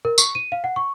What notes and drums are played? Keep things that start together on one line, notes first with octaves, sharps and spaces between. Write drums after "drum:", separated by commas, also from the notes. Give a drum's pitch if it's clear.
A#4
C#6, drum: tambourine
D#7
F5
F#5
C#6